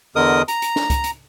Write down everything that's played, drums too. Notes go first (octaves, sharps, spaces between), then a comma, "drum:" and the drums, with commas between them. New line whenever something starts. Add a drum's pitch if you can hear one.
E2 D3 A#4 D#5 D#6
A#5, drum: hi-hat
drum: hi-hat
drum: snare
drum: kick, hi-hat
drum: hi-hat